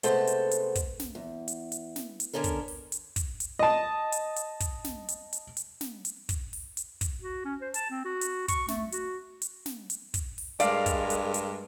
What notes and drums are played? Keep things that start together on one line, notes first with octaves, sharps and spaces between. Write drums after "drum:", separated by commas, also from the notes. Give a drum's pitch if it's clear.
C3 G#3 A3 B3 A4 C5, drum: hi-hat
drum: hi-hat
drum: hi-hat
drum: kick, hi-hat
drum: snare
E2
drum: hi-hat
drum: hi-hat
drum: snare
drum: hi-hat
D3 B3 C#4 A4 A#4
drum: kick, hi-hat
drum: open hi-hat
drum: hi-hat
drum: kick, hi-hat
drum: hi-hat
D#5 A5
drum: hi-hat
drum: hi-hat
drum: kick, hi-hat
drum: snare
drum: hi-hat
drum: hi-hat
drum: hi-hat
drum: snare
drum: hi-hat
drum: kick, hi-hat
drum: open hi-hat
drum: hi-hat
drum: kick, hi-hat
F#4
C#4
C5
A5, drum: hi-hat
C4
F#4
drum: hi-hat
C#6, drum: kick, hi-hat
A3, drum: snare
F#4, drum: hi-hat
drum: hi-hat
drum: snare
drum: hi-hat
drum: kick, hi-hat
drum: open hi-hat
G2 G#3 A#4 D5 F5, drum: hi-hat
drum: kick, hi-hat
drum: hi-hat
drum: hi-hat